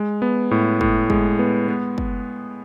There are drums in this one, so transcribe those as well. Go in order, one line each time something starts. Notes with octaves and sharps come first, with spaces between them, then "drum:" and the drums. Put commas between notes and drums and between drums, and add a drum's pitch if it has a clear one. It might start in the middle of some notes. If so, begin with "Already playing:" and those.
Already playing: G#3
B3
A2
A2, drum: kick
G#3, drum: kick
B3
B3
drum: kick